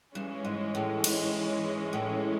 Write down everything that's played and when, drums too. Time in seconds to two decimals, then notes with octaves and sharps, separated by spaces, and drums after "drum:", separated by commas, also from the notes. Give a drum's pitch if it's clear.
0.15 G2 E3 G#3 C#4
0.45 G#2
0.75 A2
1.04 G#2, drum: cymbal
1.93 A2